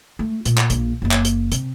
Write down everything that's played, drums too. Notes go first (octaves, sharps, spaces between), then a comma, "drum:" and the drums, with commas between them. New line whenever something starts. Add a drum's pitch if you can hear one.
A3
A#2, drum: hi-hat
drum: clap
A#1 A#3, drum: hi-hat
F#1 A#3
drum: clap
drum: hi-hat
C3, drum: hi-hat